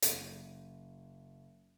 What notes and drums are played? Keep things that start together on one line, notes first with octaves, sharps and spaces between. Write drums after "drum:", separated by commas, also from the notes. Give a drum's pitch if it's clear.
F#1 D#7, drum: hi-hat